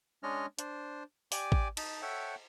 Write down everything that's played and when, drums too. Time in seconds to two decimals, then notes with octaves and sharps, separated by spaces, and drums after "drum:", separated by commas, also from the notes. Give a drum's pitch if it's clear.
0.23 G#3 C#4 D4 C#5 D#5 F6
0.59 D4 C5, drum: hi-hat
1.32 G4 D5 G#5 D6, drum: open hi-hat
1.52 drum: kick A1
1.77 D#4 A5, drum: cymbal
2.02 A4 C#5 E5 F#5 G5